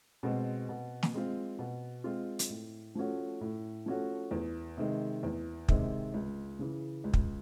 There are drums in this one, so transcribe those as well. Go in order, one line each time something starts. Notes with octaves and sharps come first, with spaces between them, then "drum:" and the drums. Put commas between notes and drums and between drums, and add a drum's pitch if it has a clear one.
B2 G#3 C4
B2
drum: snare
G#3 C4 F4
B2
G#3 C4 F4
drum: hi-hat
A2
F3 A3 C#4 F#4
A2
F3 A3 C#4 F#4
E2
C3 D#3 G#3
E2
C3 D#3 G#3, drum: kick
C#2
C#3 E3
C#2
drum: kick